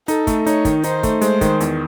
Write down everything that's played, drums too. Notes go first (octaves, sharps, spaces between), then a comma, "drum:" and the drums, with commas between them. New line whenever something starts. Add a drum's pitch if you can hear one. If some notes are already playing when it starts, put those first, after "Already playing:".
D#4 A4, drum: hi-hat
A3, drum: kick, hi-hat
D#4 C#5, drum: hi-hat
D#3, drum: kick, hi-hat
D#4 C5, drum: hi-hat
A3, drum: kick, hi-hat
G#3 C5, drum: hi-hat
D#3, drum: kick, hi-hat
E2, drum: hi-hat